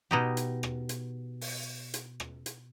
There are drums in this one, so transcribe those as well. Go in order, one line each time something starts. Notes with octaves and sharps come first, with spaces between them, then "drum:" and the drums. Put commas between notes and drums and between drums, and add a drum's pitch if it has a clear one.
B2 D#4 G4
drum: hi-hat
drum: rim click
drum: hi-hat
drum: open hi-hat
drum: hi-hat
drum: rim click
drum: hi-hat